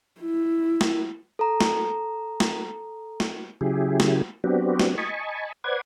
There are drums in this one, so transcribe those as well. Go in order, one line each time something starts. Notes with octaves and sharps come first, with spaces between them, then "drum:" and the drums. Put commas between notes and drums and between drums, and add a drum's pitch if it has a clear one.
E4
drum: snare
A4 A#5
drum: snare
drum: snare
drum: snare
C#3 F#3 E4 G4 G#4
drum: snare
F#3 B3 C4 D4 F#4 G4
drum: snare
D#5 G#5 A5 B5 C#6
B4 C5 D5 F#5 G#6